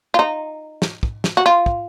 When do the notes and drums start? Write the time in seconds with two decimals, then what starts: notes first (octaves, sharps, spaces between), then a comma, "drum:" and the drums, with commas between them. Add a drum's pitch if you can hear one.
0.14 F4
0.19 D#4
0.82 drum: snare
1.03 drum: kick
1.24 drum: snare
1.37 F#4
1.46 F4
1.66 drum: kick